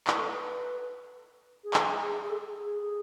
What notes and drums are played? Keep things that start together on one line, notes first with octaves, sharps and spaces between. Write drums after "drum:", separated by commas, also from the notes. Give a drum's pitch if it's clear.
B4, drum: clap
A4
B4
G#4
A4, drum: clap
G#4
G#4
A4
G#4